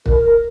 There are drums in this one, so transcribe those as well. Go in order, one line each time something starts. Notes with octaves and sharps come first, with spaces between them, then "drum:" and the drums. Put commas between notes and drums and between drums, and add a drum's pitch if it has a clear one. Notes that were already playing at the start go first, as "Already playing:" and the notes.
A#4, drum: kick
A#4